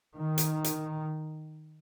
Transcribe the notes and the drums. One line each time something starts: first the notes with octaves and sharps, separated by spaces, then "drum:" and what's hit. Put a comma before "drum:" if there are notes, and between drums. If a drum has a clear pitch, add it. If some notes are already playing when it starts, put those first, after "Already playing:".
D#3
drum: hi-hat
drum: hi-hat